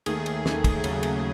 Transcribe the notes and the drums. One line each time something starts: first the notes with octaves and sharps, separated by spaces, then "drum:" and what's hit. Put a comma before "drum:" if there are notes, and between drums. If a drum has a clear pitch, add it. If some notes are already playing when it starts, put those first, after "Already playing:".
D#2 D#3 A3 G#4, drum: cymbal
drum: cymbal
D#2 D#3 A3, drum: snare
drum: kick, cymbal
D#2 C#3 F#3 A3 G#4, drum: cymbal
drum: cymbal